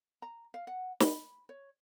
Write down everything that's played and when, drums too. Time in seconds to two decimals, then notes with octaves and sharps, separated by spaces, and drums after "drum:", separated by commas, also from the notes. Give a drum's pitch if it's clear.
0.22 A#5
0.54 F5
0.67 F#5
1.00 B5, drum: snare
1.49 C#5